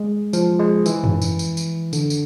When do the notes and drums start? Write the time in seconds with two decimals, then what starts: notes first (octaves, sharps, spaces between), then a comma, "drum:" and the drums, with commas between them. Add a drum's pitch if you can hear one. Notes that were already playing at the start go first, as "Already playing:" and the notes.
Already playing: G#3
0.33 F3, drum: tambourine
0.59 G#3
0.86 E3, drum: tambourine
1.04 drum: tom F#2
1.22 drum: tambourine
1.39 drum: tambourine
1.57 drum: tambourine
1.93 D3, drum: tambourine
2.10 drum: tambourine